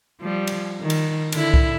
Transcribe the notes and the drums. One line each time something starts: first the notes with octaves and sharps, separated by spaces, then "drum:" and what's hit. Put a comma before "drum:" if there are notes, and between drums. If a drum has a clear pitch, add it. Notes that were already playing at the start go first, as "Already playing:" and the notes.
F3 G3
drum: cymbal
D#3
drum: cymbal
D3 E4, drum: cymbal
drum: kick C2